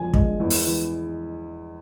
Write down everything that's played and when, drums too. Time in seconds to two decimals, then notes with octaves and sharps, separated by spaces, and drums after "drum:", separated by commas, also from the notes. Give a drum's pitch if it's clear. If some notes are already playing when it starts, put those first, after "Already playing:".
Already playing: E1 F3 G#5
0.14 G#3, drum: kick
0.40 E2
0.50 drum: open hi-hat
0.66 E3